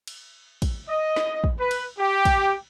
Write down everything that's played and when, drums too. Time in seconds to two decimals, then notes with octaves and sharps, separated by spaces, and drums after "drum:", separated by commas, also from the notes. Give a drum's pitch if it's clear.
0.07 drum: cymbal
0.62 drum: kick, cymbal
0.89 D#5
1.16 drum: snare
1.44 drum: kick
1.60 B4
1.71 drum: cymbal
1.99 G4
2.25 drum: kick, cymbal